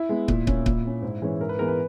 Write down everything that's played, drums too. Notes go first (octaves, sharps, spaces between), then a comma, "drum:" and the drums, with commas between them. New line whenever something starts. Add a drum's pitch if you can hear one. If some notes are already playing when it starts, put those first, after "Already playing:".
Already playing: E4
G#3 B3
A#2, drum: kick
A#3 C#4, drum: kick
A#2, drum: kick
A#3 C#4
G#2
E3 G#3 C#4
G#2 A#4
B4
E3 G#3 B3 A#4
B4